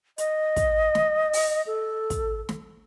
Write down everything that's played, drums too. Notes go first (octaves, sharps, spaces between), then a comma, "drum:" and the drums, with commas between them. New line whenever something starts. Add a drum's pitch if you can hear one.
D#5, drum: hi-hat
drum: kick, hi-hat
drum: snare
drum: open hi-hat
A4
drum: kick, hi-hat
drum: snare